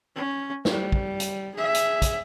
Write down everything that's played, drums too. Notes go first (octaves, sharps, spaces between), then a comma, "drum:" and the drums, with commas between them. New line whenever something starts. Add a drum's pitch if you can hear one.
C#4
G3, drum: snare
drum: kick
drum: hi-hat
G#4 E5
drum: hi-hat
drum: kick, hi-hat